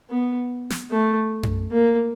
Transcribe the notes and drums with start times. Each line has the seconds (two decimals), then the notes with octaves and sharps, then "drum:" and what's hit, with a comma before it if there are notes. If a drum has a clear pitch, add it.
0.10 B3
0.70 drum: snare
0.91 A3
1.43 drum: tom F#2
1.72 A#3